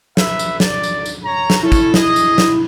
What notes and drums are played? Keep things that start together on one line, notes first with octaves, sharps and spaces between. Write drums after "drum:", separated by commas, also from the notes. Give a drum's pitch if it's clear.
B4 E5, drum: snare
drum: tambourine
D5, drum: snare
drum: tambourine
drum: tambourine
C#5 A#5
drum: snare
C#4 E4 A4 C#5
drum: kick, tambourine
G#4 D#5, drum: snare
drum: tambourine
drum: snare